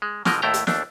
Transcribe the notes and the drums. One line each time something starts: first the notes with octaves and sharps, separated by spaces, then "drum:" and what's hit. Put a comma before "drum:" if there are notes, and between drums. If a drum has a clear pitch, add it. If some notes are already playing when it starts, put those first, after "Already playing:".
G#3
B2 D3 F3 G#3 A#4 D#5, drum: snare
D#2 A2 A3 E4 G5 A#5
drum: hi-hat
D#2 A3 D4, drum: snare